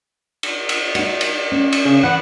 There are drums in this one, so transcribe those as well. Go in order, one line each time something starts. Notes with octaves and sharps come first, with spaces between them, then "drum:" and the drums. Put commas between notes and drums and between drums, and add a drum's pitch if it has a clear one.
drum: cymbal
drum: cymbal
D#4 F#4, drum: cymbal
drum: cymbal
C#4
drum: cymbal
C#3
E3 F#5